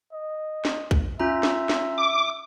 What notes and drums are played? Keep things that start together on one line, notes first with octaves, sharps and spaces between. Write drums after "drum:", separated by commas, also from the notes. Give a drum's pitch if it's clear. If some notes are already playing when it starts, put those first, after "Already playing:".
D#5
drum: snare
drum: kick
C#4 F4 E5 A#5
drum: snare
drum: snare
D6